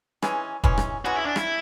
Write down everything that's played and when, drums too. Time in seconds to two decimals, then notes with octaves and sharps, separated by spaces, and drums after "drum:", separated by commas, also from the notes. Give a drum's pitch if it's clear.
0.22 E3 G#3 C#4, drum: rim click
0.64 E3 G#3 C#4, drum: kick
0.78 drum: rim click
1.05 E3 G#3 C#4 F#4
1.16 E4
1.26 D4
1.36 E4, drum: rim click